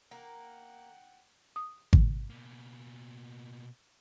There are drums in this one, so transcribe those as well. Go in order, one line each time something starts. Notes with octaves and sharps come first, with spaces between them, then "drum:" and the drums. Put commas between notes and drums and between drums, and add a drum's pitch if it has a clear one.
A#3 F#5 G5
D#6
drum: kick G#1
B2 A#3